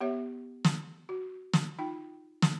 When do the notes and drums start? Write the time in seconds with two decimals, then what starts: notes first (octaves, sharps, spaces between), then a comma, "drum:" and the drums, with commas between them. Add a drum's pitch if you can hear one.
0.01 B3 G4 C#5 E5
0.65 drum: snare
1.09 F#4
1.53 drum: snare
1.79 D#4 F4 G5
2.42 drum: snare